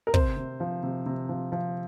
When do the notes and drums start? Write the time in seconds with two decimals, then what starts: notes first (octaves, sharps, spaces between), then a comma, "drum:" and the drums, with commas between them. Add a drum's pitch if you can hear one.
0.07 A#4
0.14 C3 C5, drum: kick
0.37 C3
0.60 F3
0.83 C3
1.06 C3
1.29 F3
1.52 F3